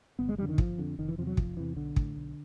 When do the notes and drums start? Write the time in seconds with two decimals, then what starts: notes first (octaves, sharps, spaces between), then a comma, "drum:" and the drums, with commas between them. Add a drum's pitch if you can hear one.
0.19 G1 B3
0.29 G#3
0.38 F2 D3 G3
0.49 D#3
0.58 G1 F3, drum: kick
0.78 F2 D3
0.98 F1 D#3
1.09 E3
1.18 E2 C3 F3
1.27 F#3
1.37 F1 F3, drum: kick
1.57 E2 C3 E3
1.76 B1 D3
1.96 A2, drum: kick
2.17 B1